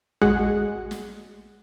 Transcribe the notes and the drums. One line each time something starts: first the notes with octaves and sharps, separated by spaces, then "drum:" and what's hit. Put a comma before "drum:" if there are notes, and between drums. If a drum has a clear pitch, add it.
G#3 F#4 G#4 F#5, drum: tom A1
drum: snare